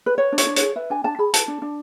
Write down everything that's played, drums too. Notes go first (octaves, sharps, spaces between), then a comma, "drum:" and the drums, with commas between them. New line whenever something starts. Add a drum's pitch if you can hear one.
B4
B4 C#5
D4
C#5, drum: hi-hat
D4
G#4 C#5, drum: hi-hat
B4 E5
D4 G#5
D4 A5
G#4 B5
B4 A5, drum: hi-hat
D4
D4